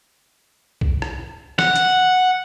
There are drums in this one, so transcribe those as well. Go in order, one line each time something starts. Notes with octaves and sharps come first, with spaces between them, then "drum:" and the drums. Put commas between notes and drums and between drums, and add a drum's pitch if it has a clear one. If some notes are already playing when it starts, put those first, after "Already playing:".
drum: kick B1
drum: rim click
F#5, drum: snare
drum: hi-hat